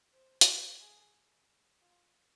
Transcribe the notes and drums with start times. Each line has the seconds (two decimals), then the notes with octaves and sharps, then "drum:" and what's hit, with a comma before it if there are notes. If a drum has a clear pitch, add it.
0.12 C5
0.41 drum: hi-hat
0.79 G#4
1.81 F4